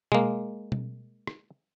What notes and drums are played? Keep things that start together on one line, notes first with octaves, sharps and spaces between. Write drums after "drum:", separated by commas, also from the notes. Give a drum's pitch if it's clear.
G#3 A#3, drum: tom B2
drum: tom B2
drum: rim click